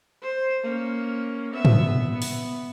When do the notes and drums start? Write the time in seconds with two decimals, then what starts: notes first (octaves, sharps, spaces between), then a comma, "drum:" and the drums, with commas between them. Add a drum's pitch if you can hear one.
0.22 C5
0.63 A#3 C#4
1.52 B3 E5
1.65 drum: tom
2.13 B3
2.22 drum: open hi-hat